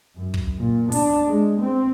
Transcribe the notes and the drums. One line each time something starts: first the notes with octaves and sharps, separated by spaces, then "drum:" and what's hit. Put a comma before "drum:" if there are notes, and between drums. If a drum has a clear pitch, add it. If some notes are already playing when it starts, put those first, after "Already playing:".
F#2
drum: kick
A#2
D4, drum: open hi-hat
G#3
C4